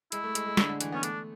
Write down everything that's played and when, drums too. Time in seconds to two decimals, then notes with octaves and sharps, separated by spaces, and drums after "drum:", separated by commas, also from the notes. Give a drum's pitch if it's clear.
0.12 G#3 E4, drum: hi-hat
0.24 A3
0.35 G#3, drum: hi-hat
0.47 G#3
0.57 D3, drum: snare
0.69 D3
0.81 E3, drum: hi-hat
0.92 B3 C#4
1.03 A3 D4, drum: hi-hat